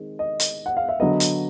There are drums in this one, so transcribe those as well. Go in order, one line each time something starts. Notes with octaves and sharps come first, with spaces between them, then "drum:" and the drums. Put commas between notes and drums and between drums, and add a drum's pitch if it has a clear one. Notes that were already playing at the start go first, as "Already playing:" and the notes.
Already playing: D#3 G#3 C4
D#5
drum: hi-hat
F#5
F5
E5
D3 F#3 B3 D#5
drum: hi-hat